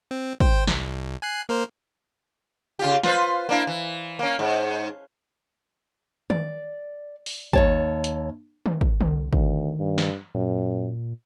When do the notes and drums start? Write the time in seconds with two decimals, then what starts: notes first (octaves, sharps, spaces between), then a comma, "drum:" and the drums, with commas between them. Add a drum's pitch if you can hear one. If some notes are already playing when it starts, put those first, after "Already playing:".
0.11 C4
0.40 C5 G5, drum: kick
0.67 C2, drum: snare
1.22 G#5 F#6 C7
1.49 A#3 A#4 C5
2.79 C#3 F4 G4
3.03 F4 B4 C5, drum: snare
3.49 A#3 D4 E4
3.67 E3
4.19 A#3 C#4
4.39 G#2
6.30 D5, drum: tom D#3
7.26 drum: open hi-hat
7.53 D#2 C#5 A5, drum: kick
8.04 drum: hi-hat
8.66 drum: tom D#3
8.81 drum: kick
9.01 C2, drum: tom D3
9.33 D2 D#3, drum: kick
9.80 G2
9.98 drum: snare
10.35 F#2 A#2